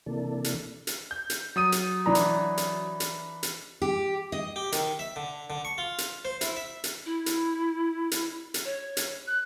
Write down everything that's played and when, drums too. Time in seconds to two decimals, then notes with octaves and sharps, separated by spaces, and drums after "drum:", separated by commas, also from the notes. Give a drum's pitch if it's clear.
0.06 C3 E3 A#3 D4 A4
0.44 drum: hi-hat
0.87 drum: hi-hat
1.11 G6
1.30 drum: hi-hat
1.56 F#3 D#6 D#7
1.72 drum: hi-hat
2.06 E3 D4 A#5
2.15 drum: hi-hat
2.57 drum: hi-hat
3.00 drum: hi-hat
3.43 drum: hi-hat
3.82 G4
4.32 D#5
4.56 G4
4.72 D#3, drum: hi-hat
4.99 E5
5.16 D3
5.50 D3
5.65 C#6
5.78 F4
5.98 drum: hi-hat
6.25 C5
6.41 E4, drum: hi-hat
6.57 E5
6.84 drum: hi-hat
7.06 E4
7.26 drum: hi-hat
8.11 drum: hi-hat
8.54 drum: hi-hat
8.65 C#5
8.97 drum: hi-hat
9.27 F#6